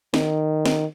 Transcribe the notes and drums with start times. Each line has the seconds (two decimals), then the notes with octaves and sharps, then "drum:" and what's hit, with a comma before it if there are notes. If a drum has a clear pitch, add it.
0.14 D#3, drum: snare
0.65 drum: snare